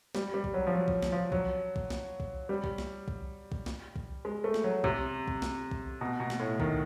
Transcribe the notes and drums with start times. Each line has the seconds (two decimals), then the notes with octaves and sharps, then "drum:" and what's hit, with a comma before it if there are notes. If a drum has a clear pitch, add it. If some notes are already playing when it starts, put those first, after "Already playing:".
0.15 G3, drum: snare
0.34 G3
0.44 drum: kick
0.54 F#3
0.67 F3
0.74 F#3
0.88 drum: kick
1.03 drum: snare
1.12 F3
1.32 F#3, drum: kick
1.76 drum: kick
1.90 drum: snare
2.20 drum: kick
2.49 G3
2.64 drum: kick
2.78 drum: snare
3.08 drum: kick
3.52 drum: kick
3.66 drum: snare
3.96 drum: kick
4.25 G#3
4.44 A3
4.54 drum: snare
4.64 F#3
4.84 C3, drum: kick
5.27 drum: kick
5.42 drum: snare
5.71 drum: kick
6.01 B2
6.20 B2
6.30 drum: snare
6.40 A2
6.60 D#3, drum: kick